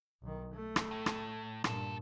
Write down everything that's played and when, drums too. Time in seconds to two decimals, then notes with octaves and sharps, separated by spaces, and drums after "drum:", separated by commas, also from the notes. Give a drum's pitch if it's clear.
0.22 B1 D#3
0.53 A3
0.76 drum: rim click
0.91 A2
1.06 drum: rim click
1.64 D2 G2 A#2 A4, drum: rim click